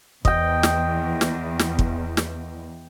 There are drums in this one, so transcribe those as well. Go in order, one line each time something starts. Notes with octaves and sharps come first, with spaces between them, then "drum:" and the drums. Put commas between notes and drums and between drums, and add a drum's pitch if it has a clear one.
E2 D#5 G5, drum: kick
drum: snare
drum: snare
drum: snare
drum: kick
drum: snare